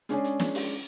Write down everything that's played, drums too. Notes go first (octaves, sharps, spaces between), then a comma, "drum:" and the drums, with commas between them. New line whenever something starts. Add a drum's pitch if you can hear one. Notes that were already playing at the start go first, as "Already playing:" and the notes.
G#3 C#4 D4 G#4, drum: hi-hat
drum: hi-hat
drum: snare
drum: open hi-hat